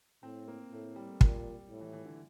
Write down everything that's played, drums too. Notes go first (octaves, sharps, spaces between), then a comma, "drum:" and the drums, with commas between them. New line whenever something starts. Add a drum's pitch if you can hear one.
A2 C4
A#3
A2 A3
G3
A#2 G3, drum: kick
A2
E3
E3
D3